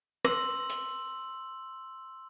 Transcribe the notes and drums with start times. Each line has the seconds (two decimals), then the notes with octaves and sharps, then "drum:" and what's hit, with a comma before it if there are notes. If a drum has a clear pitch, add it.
0.25 C6 E6 F#7, drum: rim click
0.70 drum: hi-hat